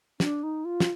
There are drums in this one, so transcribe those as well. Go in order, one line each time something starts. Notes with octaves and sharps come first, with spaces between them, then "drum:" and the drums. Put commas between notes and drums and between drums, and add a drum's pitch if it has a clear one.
D4, drum: snare
D#4
F4
drum: snare